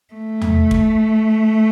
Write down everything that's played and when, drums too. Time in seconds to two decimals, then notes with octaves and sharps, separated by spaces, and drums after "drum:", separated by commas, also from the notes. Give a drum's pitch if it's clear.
0.14 A3
0.42 drum: tom E2
0.71 drum: kick